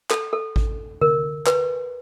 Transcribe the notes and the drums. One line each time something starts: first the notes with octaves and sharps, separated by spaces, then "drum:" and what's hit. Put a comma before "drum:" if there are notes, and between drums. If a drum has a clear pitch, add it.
A4, drum: clap
A4
drum: kick G#1
A#4, drum: tom D3
B4, drum: clap